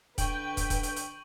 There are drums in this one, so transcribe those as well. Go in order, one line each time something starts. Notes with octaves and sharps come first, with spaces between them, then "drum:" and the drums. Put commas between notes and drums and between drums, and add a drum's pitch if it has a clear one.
D3 B4 G5 C#6 F#7, drum: kick, hi-hat
drum: kick, hi-hat
drum: kick, hi-hat
drum: hi-hat
drum: hi-hat